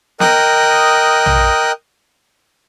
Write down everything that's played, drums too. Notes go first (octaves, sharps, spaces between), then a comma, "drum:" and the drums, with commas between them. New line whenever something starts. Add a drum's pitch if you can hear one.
A#4 D#5 G5 D#6 F#6, drum: snare
drum: tom